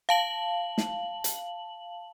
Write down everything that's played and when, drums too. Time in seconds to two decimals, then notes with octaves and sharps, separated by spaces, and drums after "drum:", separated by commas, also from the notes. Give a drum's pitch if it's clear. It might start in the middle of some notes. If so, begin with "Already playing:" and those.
0.09 F5 A5 F#7
0.78 drum: snare
1.24 drum: hi-hat